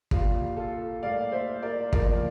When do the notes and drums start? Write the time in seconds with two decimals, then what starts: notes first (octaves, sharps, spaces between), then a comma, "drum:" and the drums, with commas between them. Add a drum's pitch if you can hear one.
0.11 C2 A#2 G3 F4, drum: kick
0.56 F4 A4
1.03 A2 G3 A#3 D5 F5
1.32 C5 E5
1.63 A#4 D5
1.93 A2 F3 A#3 A#4 D5, drum: kick